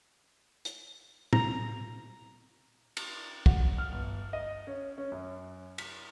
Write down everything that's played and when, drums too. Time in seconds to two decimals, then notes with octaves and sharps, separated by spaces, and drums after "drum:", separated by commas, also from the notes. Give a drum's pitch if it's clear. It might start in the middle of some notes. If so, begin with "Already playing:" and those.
0.65 drum: hi-hat
1.33 A#5, drum: tom
2.97 drum: cymbal
3.46 F#4, drum: kick
3.78 F6
3.92 G1
4.33 D#5
4.67 C#4
4.98 C#4
5.12 F#2
5.78 B6, drum: cymbal